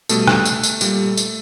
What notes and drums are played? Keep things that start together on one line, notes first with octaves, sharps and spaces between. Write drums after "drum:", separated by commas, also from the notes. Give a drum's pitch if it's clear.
B2 G3 A3 A4, drum: tambourine
drum: rim click
drum: tambourine
drum: tambourine
A#2 G3, drum: tambourine
drum: tambourine